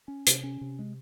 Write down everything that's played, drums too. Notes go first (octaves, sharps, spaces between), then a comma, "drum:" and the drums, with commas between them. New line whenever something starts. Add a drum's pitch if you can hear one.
C#4
C3, drum: hi-hat
C#4
C3
G#3